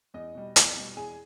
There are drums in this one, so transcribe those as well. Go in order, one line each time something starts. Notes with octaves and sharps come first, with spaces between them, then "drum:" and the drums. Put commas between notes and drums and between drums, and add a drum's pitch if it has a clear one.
E2 D#5
B2 G3
E2, drum: hi-hat
B2 G3
E2 G#4 G#5